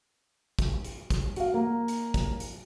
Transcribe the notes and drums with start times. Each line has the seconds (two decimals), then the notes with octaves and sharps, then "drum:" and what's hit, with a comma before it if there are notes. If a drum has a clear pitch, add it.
0.59 drum: kick, hi-hat
0.85 drum: hi-hat
1.10 drum: kick, hi-hat
1.36 F#4 F5, drum: hi-hat
1.54 A#3
1.88 drum: hi-hat
2.14 drum: kick, hi-hat
2.40 drum: hi-hat